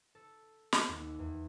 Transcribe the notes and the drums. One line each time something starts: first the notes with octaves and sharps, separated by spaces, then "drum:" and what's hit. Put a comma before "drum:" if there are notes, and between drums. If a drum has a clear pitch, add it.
A4
drum: snare
D#2
E2